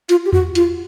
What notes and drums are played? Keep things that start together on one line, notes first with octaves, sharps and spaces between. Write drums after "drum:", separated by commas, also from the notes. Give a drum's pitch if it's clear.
F4, drum: hi-hat
G4
F#4, drum: tom E2
F4, drum: hi-hat